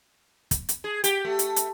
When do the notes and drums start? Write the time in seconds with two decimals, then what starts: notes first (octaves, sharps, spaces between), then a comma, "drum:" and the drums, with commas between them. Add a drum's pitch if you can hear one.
0.51 drum: kick, hi-hat
0.69 drum: hi-hat
0.84 G#4
1.04 G4, drum: hi-hat
1.25 A3
1.39 drum: hi-hat
1.56 drum: hi-hat